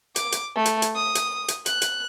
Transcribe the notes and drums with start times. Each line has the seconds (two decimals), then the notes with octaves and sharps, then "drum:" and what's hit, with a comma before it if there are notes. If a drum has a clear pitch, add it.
0.16 D6, drum: hi-hat
0.32 drum: hi-hat
0.56 A3
0.65 drum: hi-hat
0.82 drum: hi-hat
0.95 D#6
1.15 drum: hi-hat
1.48 drum: hi-hat
1.66 F#6, drum: hi-hat
1.82 drum: hi-hat